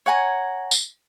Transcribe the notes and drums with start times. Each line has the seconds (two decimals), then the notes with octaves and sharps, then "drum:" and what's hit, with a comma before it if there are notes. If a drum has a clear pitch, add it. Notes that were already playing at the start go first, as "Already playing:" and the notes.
0.06 C#5 F#5 G#5 A#5
0.71 drum: tambourine